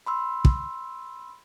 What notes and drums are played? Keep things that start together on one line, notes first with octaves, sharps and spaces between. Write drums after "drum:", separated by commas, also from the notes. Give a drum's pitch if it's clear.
B5 C6 E6
drum: kick